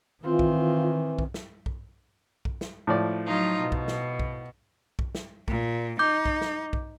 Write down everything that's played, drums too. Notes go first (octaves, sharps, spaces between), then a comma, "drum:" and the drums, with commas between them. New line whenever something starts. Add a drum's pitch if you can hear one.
D#3 E3 C4 F4
drum: kick B1
drum: kick B1
drum: snare
drum: kick B1
drum: kick B1
drum: snare
A2 F3 D5
F#3 D#4 F4
B2
drum: kick B1
drum: snare
drum: kick B1
drum: kick B1
drum: snare
A#2, drum: kick B1
D#4 D6 G6
drum: kick B1
drum: snare
drum: kick B1